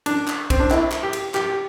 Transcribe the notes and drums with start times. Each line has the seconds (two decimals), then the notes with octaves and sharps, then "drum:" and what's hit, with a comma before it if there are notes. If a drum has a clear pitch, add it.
0.06 D4, drum: cymbal
0.28 drum: clap
0.50 C4, drum: kick B1, cymbal
0.60 D4
0.71 E4, drum: clap
0.92 drum: clap
1.03 G4
1.13 drum: cymbal
1.34 G4, drum: clap